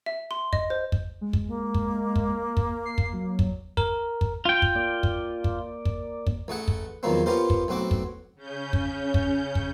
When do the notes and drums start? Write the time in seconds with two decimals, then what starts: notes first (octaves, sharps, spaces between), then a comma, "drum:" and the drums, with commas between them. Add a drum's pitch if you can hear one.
0.06 E5
0.31 C6
0.53 D#5, drum: kick
0.70 C5
0.92 drum: kick
1.21 G#3
1.33 drum: kick
1.47 A#3
1.74 drum: kick
2.16 drum: kick
2.57 drum: kick
2.86 C7
2.98 drum: kick
3.13 F#3
3.39 drum: kick
3.77 A#4, drum: kick
4.21 drum: kick
4.45 F4 G5
4.62 drum: kick
4.76 A#3 D5
5.03 drum: kick
5.44 drum: kick
5.85 drum: kick
6.27 drum: kick
6.48 A1 A3 G#4 F#5
6.68 drum: kick
7.03 E2 D#3 F3 F#3 A#3 C4
7.26 B3 C#4 F4 G4 A#4 C5
7.50 drum: kick
7.68 B1 A2 C4 F#4 D6
7.91 drum: kick
8.35 C#3 C#4 G6
8.73 drum: kick
9.14 drum: kick
9.55 drum: kick